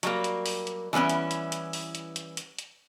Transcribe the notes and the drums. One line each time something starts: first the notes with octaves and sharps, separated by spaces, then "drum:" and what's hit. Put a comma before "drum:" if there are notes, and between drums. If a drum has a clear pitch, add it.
F#3 G3 A#3, drum: hi-hat
drum: hi-hat
drum: open hi-hat
drum: hi-hat
E3 G3 B3 C#4 E4
drum: hi-hat
drum: hi-hat
drum: hi-hat
drum: open hi-hat
drum: hi-hat
drum: hi-hat
drum: hi-hat
drum: hi-hat